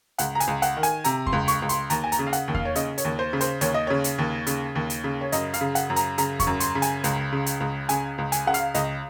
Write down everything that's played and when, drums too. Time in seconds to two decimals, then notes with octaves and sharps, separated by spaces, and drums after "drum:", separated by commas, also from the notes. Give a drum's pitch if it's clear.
0.19 C#2 F#5, drum: hi-hat
0.35 A#5
0.40 G#5, drum: hi-hat
0.47 C#2
0.62 F#5, drum: hi-hat
0.77 D#3
0.83 G#5, drum: hi-hat
1.04 C3 A#5, drum: hi-hat
1.27 C6, drum: kick E2
1.33 C#2
1.48 C#6, drum: hi-hat
1.62 C#2
1.69 C6, drum: hi-hat
1.90 D#2 A#5, drum: hi-hat
2.04 G#5
2.12 A#5, drum: hi-hat
2.19 C#3
2.27 F5
2.33 F#5, drum: hi-hat
2.48 D#2
2.54 F5, drum: kick E2
2.65 C#5
2.75 C#3 D#5, drum: hi-hat
2.98 C#5, drum: hi-hat
3.05 D#2
3.19 C5
3.33 C#3
3.41 C5, drum: hi-hat
3.61 D#2 C#5, drum: hi-hat
3.74 D#5
3.87 C#3 C#5
4.04 drum: hi-hat
4.18 D#2
4.47 C#3, drum: hi-hat
4.75 D#2
4.90 drum: hi-hat
5.04 C#3
5.21 C#5
5.32 F#2 D#5, drum: hi-hat
5.54 F5, drum: hi-hat
5.61 C#3
5.75 F#5, drum: hi-hat
5.90 F#2
5.96 A#5, drum: hi-hat
6.18 C#3 A#5, drum: hi-hat
6.40 C#6, drum: kick E2, hi-hat
6.47 F#2
6.60 C6, drum: hi-hat
6.75 C#3
6.82 G#5, drum: hi-hat
7.04 C#2, drum: hi-hat
7.32 C#3
7.46 drum: hi-hat
7.60 C#2
7.89 C#3 G#5, drum: hi-hat
8.18 C#2
8.32 G#5, drum: hi-hat
8.47 C#3 F#5
8.54 F5, drum: hi-hat
8.74 C#2 D#5, drum: hi-hat